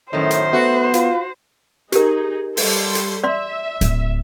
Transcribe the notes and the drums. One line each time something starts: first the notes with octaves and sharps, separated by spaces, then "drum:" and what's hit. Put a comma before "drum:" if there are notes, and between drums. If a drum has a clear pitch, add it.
F#2 A2 D#3 C5
drum: hi-hat
A3 B3 F#4
F4, drum: hi-hat
D#4 G4 G#4 A#4, drum: hi-hat
G3 A4 C6, drum: open hi-hat
drum: hi-hat
D5 E5 C6
D1, drum: hi-hat